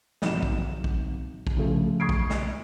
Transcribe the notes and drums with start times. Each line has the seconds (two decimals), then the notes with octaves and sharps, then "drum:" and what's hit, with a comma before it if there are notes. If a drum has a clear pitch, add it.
0.22 G#1 F#3 E7, drum: snare
0.43 drum: kick A#1
0.84 drum: kick A#1
1.47 drum: kick A#1
1.57 C#3 F3 A3
2.00 C#6 D#6 G#6 C7 D7
2.09 drum: kick A#1
2.30 drum: snare